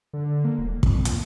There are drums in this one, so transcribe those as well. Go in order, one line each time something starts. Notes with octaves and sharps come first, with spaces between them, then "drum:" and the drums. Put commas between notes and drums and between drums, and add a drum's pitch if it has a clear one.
D3
A#3
D#1
F2, drum: kick
A#2, drum: hi-hat